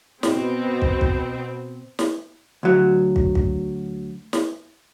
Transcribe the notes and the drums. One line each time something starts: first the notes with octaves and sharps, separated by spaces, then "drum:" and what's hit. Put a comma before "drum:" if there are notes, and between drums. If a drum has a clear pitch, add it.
B2 C4, drum: snare
drum: kick
drum: kick
drum: snare
D2 F#3
drum: kick
drum: kick
drum: snare